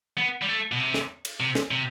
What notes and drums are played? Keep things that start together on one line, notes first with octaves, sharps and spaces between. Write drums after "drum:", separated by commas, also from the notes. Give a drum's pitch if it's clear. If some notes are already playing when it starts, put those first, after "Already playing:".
B3
G3
A3
B2
C3
drum: snare
drum: cymbal
C3
drum: snare
C3